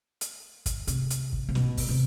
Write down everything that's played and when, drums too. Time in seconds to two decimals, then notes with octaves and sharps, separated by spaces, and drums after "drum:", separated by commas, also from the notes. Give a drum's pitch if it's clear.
0.21 drum: hi-hat
0.66 drum: kick, hi-hat
0.87 C3, drum: hi-hat
1.10 drum: hi-hat
1.33 drum: kick
1.49 C3
1.55 B2, drum: snare
1.77 drum: kick, open hi-hat
1.89 C3